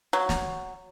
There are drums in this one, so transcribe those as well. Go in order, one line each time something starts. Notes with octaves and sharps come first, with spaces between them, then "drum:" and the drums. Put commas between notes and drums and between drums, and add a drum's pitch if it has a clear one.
F#3
drum: snare